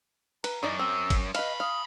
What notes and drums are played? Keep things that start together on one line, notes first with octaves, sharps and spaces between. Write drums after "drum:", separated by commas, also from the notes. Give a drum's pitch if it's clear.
B4 A#5, drum: cymbal
F#2 E3 D#4 D5
C4 E6
drum: kick, cymbal
B4 D#5 F5 A5 B5, drum: cymbal
F5 D#6